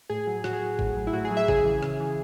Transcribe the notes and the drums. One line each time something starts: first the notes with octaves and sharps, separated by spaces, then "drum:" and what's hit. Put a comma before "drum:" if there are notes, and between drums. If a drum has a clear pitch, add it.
A2 G#4
F#3
A2 F#4, drum: rim click
G#4
F#3 F#4
A2, drum: kick G#1
F#3
E4
A2 F#4
G#4
F#3
E5
C#3 G#4, drum: kick G#1
E3
C#3, drum: rim click
E3